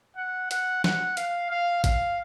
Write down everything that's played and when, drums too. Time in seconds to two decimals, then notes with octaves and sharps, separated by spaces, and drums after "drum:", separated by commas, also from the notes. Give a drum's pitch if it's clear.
0.17 F#5
0.51 F#5, drum: hi-hat
0.84 F#5, drum: snare
1.17 F5, drum: hi-hat
1.50 F5
1.84 F5, drum: kick A1, hi-hat